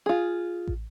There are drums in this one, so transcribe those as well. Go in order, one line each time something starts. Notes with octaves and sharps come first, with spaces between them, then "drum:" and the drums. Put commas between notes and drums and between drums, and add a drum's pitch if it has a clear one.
F4 G#4
drum: kick